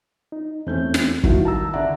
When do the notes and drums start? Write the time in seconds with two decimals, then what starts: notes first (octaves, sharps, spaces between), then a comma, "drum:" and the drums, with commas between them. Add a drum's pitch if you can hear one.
0.32 D#4
0.67 E2 A3 C4 C#4 G6
0.94 drum: snare
1.24 G2 D#3 D#4 E4 F#4, drum: kick
1.45 A5 A#5 E6
1.73 D3 D5 E5 F#5 A#5